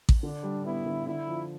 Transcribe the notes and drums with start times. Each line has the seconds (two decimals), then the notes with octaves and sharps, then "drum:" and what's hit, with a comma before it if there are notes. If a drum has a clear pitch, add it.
0.09 drum: kick A1
0.23 D3 D4
0.43 G3
0.65 B3 E4
0.85 D3
1.06 D3 E4
1.27 F3